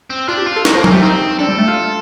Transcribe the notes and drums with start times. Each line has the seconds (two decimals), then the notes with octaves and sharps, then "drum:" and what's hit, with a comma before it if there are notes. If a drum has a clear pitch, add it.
0.10 C4
0.28 D4 F4
0.38 G4
0.46 F4
0.56 A4
0.65 D#4 A#4, drum: snare
0.75 C5
0.78 A#3
0.84 A#4, drum: tom
0.91 A3 G4
1.02 C4 D#4
1.39 D4 A4
1.49 G3
1.58 A3
1.68 F4